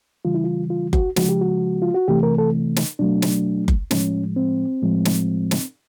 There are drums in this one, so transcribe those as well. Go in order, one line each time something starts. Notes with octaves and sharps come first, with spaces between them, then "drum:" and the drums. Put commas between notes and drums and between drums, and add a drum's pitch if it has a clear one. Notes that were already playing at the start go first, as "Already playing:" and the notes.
C#3 E3 G3 F4
E4
F4
F4
F#4, drum: kick F#1
C#3 F3 G#3 F#4, drum: snare
G4
F#4
F4
F#4
C3 E3 A3 G4
A#4
A4
drum: snare
B2 F#3 A3 D4
drum: snare
drum: kick F#1
A2 F3 G#3 C#4, drum: snare
C4
A2 F3 G#3
drum: snare
drum: snare